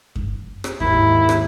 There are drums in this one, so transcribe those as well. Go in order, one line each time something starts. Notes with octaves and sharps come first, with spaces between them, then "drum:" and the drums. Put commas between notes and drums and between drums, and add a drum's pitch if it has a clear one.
drum: kick F#2
drum: rim click
D#2 G#2 E4, drum: kick F#2
drum: rim click